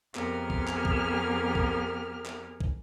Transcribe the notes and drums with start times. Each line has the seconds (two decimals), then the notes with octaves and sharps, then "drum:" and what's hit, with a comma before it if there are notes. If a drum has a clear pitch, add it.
0.15 F2 B3 G4 G#4 A#4 F6, drum: clap
0.50 drum: kick
0.67 drum: clap
0.85 drum: kick
1.55 drum: kick
2.25 drum: clap
2.60 drum: kick